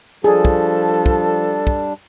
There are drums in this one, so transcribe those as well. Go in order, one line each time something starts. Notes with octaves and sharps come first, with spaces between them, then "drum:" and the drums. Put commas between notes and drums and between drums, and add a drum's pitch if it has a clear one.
F3 G3 D4 G#4 A4
drum: kick
drum: kick
drum: kick